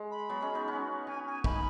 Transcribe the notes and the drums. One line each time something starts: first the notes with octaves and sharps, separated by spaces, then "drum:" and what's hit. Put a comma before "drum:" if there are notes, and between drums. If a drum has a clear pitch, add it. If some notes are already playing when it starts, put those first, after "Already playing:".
Already playing: G#3
B5
F#3 B3
G#3 C#4
B3 D#4
C#4 F#4
C#4 F#4 G#5
G#5
B3 D#4 B5, drum: kick